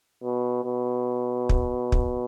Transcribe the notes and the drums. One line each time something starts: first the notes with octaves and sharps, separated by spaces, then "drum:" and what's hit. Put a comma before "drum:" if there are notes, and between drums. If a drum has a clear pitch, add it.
B2
B2
drum: kick
drum: kick